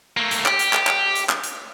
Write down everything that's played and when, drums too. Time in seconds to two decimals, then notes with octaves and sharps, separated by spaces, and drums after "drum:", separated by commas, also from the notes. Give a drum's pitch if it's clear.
0.17 A3 A#3
0.31 drum: hi-hat
0.46 G4, drum: clap
0.59 drum: hi-hat
0.73 drum: clap
0.87 drum: clap
1.15 drum: hi-hat
1.29 drum: clap
1.43 drum: hi-hat